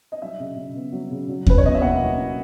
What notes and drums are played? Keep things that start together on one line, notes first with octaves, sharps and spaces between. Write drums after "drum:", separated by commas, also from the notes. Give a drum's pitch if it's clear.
D#5
F#3 E5
C#3
C#3
B3
F#3
C#3
F#3
C#4 B4, drum: kick D#2
C#5
B2 D#5
E5
A#3 F#5
F#3
C#4